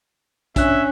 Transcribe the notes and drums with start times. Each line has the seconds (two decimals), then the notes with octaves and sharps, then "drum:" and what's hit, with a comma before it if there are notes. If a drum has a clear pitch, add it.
0.56 C#4 D4 E5 F#6, drum: kick B1, hi-hat